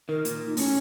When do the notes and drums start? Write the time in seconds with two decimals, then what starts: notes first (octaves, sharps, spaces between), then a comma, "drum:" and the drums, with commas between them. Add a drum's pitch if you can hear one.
0.09 D#3 A#4
0.25 A#2, drum: hi-hat
0.46 D#4
0.57 A2 C#4, drum: open hi-hat